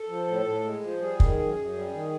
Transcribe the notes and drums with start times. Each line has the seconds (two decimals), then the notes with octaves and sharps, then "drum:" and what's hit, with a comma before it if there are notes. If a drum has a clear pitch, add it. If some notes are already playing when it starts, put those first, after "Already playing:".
Already playing: A4
0.09 F3
0.27 A2
0.46 A2
0.64 G#3
0.83 F3
1.01 G3 G#4
1.20 D#3, drum: kick
1.38 F#2
1.56 F#2
1.76 G3
1.93 D#3